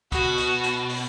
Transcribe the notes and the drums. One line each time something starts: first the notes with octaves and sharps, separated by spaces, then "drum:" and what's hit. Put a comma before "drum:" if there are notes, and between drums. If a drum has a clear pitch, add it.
B2 F#4, drum: kick C#2, hi-hat
drum: hi-hat
drum: hi-hat
drum: open hi-hat